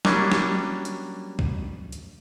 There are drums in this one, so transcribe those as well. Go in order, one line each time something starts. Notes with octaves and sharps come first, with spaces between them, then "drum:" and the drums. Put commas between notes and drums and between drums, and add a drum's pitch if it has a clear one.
F#3 G3 A#3 C#4 D4, drum: snare
drum: snare
drum: hi-hat
drum: kick C2
drum: hi-hat